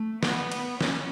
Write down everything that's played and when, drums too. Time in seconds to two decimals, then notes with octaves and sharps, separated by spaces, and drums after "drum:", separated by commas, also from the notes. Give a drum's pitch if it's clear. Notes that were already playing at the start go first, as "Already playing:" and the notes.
Already playing: A3
0.23 B3, drum: snare
0.52 drum: cymbal
0.81 C#4, drum: snare